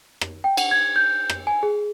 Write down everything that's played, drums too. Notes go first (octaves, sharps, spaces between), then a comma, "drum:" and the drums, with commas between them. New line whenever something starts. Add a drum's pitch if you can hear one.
drum: rim click
G5
F#5, drum: cymbal
G#6
G6
drum: rim click
G#5
G#4